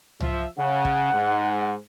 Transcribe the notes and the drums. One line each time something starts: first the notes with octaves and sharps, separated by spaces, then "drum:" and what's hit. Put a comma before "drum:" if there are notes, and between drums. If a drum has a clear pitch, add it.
F3 E5, drum: tom C2
C#3 F#5
drum: kick
G#2